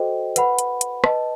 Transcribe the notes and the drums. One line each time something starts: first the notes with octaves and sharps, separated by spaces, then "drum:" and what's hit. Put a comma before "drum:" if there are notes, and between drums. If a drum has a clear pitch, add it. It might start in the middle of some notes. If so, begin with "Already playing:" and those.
Already playing: F#4 A4 C5 D#5 G5
B4 F#5 B5, drum: hi-hat
drum: hi-hat
drum: hi-hat
B4 D#5 A5, drum: rim click